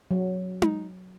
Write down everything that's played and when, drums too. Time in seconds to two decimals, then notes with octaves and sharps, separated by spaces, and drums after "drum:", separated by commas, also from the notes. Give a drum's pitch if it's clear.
0.11 F#3
0.62 drum: tom D#4